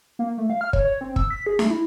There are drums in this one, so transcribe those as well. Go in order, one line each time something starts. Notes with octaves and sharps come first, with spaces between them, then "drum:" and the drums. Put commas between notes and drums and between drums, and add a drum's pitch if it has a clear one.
A#3
A3
F5
F6
C#5, drum: kick
C#5
C4
E6, drum: kick
B6
G#4
A3, drum: snare
E4